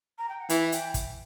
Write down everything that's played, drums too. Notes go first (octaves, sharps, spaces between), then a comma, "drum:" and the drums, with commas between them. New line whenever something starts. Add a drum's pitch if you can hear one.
A#5
G5
F#5
E3 E5, drum: hi-hat
G5, drum: hi-hat
drum: kick, hi-hat